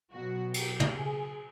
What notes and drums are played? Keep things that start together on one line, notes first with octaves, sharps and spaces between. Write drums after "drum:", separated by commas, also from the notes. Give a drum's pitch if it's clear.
B2 F#3 F#4
G4, drum: cymbal
drum: tom
G#4